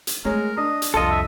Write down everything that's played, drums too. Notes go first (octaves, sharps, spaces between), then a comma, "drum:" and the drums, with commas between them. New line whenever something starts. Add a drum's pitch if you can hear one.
drum: hi-hat
G#3 A3 A#4 C#5
D4 D#5
drum: hi-hat
C2 F2 F4 A4 D#5
E5